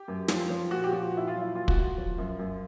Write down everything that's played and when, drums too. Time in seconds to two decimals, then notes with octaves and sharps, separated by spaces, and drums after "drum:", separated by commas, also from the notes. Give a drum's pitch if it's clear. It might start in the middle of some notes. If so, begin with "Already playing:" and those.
Already playing: G4
0.08 F#2
0.28 F3, drum: snare
0.50 F3
0.71 A#2 F#4
0.84 G4
0.92 F3 F#4
1.13 A#2 E4
1.28 F4
1.34 F#3
1.41 E4
1.55 A#2 F4
1.68 F#4, drum: kick
1.76 A#2 F4
1.98 F3
2.18 F#2
2.39 F#2